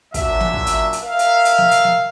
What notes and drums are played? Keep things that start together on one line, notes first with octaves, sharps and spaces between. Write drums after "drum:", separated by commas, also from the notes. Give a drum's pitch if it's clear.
F#2 A#2 F#3 D4 E5, drum: kick, hi-hat
drum: snare
drum: kick
drum: hi-hat
drum: hi-hat
A#4 E5 F5
drum: hi-hat
drum: hi-hat
drum: snare
drum: hi-hat
drum: snare